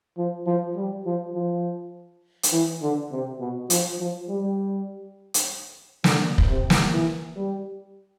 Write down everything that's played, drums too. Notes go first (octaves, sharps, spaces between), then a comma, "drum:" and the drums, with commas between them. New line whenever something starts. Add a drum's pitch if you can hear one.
F3
F3
G3
F3
F3
drum: hi-hat
E3
D3
C3
B2
F3, drum: hi-hat
F3
G3
drum: hi-hat
D3, drum: snare
drum: kick
C3
drum: snare
E3
G3